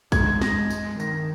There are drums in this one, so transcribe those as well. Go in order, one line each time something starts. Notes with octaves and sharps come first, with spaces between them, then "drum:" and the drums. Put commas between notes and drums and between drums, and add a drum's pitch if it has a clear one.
G#3 G#6, drum: kick, tambourine
G#6
G#3 A#6, drum: snare
drum: tambourine
D#3 A#6, drum: tambourine